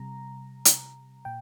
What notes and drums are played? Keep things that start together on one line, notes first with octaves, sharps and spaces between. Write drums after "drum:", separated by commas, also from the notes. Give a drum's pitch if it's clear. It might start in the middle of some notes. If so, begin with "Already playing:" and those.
Already playing: C3 G3 A#5
drum: hi-hat
A#2 G5